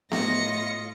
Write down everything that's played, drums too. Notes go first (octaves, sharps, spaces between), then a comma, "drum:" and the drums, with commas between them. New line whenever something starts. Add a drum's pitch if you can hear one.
A2 A3 F4 D#5 A#6 C#7, drum: snare B3